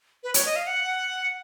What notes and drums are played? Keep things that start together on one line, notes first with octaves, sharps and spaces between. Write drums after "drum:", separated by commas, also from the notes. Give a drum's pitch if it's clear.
B4
C#5, drum: hi-hat
D#5
F5
F#5